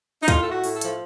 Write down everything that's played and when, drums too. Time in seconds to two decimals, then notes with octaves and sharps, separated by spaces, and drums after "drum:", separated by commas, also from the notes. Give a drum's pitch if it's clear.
0.22 D#4
0.28 A2 F4, drum: kick, hi-hat
0.42 A3 A4
0.52 F#4
0.64 A2, drum: open hi-hat
0.76 A4
0.81 F3, drum: hi-hat